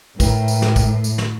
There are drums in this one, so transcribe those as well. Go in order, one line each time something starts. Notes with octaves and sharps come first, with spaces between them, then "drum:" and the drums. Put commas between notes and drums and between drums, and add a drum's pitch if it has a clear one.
A2 A#4 B4 G5, drum: kick, tambourine
drum: tambourine
drum: snare
drum: kick, tambourine
drum: tambourine
drum: snare